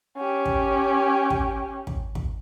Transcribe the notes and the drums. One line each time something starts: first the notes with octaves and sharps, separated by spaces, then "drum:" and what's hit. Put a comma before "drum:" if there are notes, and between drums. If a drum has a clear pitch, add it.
C#4 G4
drum: kick
drum: kick
drum: kick
drum: kick